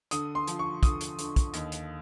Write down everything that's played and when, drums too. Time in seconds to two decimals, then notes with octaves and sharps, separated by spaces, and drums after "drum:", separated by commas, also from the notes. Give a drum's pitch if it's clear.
0.11 D3 D#6, drum: hi-hat
0.35 C6
0.47 F3, drum: hi-hat
0.59 C#6
0.83 D3 D#6, drum: kick, hi-hat
1.01 drum: hi-hat
1.19 D3, drum: hi-hat
1.36 drum: kick, hi-hat
1.54 D#2, drum: hi-hat
1.72 drum: hi-hat